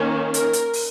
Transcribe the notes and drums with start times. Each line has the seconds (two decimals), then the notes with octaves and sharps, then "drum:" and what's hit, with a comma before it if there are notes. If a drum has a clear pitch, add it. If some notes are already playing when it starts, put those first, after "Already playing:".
Already playing: D#3 A#3 C#4
0.34 A#4, drum: hi-hat
0.53 drum: hi-hat
0.73 drum: open hi-hat